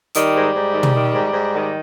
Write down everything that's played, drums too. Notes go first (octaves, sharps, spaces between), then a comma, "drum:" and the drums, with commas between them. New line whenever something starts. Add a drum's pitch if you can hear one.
D#3 G3, drum: hi-hat
G#2
G#2
D#3
drum: tom
D#3
G#2
G#2
D#3